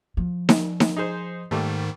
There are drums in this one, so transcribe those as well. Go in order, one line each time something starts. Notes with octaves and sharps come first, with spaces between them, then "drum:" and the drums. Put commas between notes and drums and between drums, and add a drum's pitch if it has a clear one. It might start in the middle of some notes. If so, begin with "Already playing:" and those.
F3
drum: snare D#4
drum: snare D#4
D#4 G#4 C5
G#2 D#3 G3 A3 A#3